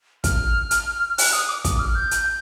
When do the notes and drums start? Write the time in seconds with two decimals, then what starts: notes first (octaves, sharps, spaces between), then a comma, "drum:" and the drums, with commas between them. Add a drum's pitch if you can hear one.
0.24 F6, drum: kick, hi-hat
0.71 drum: hi-hat
1.18 F#6, drum: open hi-hat
1.33 D#6
1.49 D6
1.65 D#6, drum: kick, hi-hat
1.79 F6
1.95 G6
2.11 drum: hi-hat